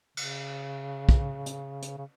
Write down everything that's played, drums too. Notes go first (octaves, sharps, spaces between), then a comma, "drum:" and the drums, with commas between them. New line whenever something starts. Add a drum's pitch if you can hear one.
C#3, drum: cymbal
drum: kick
drum: hi-hat
drum: hi-hat
C#3